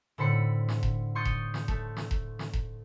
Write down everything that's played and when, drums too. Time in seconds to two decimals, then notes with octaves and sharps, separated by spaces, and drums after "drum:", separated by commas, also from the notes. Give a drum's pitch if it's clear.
0.18 A2 D3 C5 B5 C#7
0.68 drum: snare
0.83 drum: kick E1
1.15 C6 C#6 D#6 G6 A6
1.25 drum: kick E1
1.54 drum: snare
1.68 A3, drum: kick E1
1.97 drum: snare
2.11 drum: kick E1
2.39 drum: snare
2.53 drum: kick E1